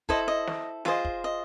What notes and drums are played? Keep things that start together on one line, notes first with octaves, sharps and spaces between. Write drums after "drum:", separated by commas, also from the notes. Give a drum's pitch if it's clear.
E4 A4 C5 D#5, drum: kick
D#5
drum: snare
F4 G#4 C5 D#5 E5, drum: snare
drum: kick
D#5